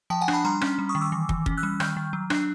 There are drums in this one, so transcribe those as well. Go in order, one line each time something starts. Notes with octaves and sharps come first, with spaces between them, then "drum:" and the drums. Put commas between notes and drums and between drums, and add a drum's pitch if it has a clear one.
F3 G5 A5
F#5 G#5
D4, drum: rim click
A5 B5
G3 A#5 C6
C#4, drum: rim click
G3
C#6 D#6
D#3
D6 E6
E3
E3, drum: kick
C#4, drum: kick
E6 F#6
G3
D#3 F6 G6, drum: rim click
D#3
F#3
D4, drum: rim click